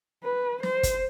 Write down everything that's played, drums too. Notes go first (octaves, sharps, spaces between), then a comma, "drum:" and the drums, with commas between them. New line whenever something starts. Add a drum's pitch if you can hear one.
B4
C5, drum: snare
drum: kick, hi-hat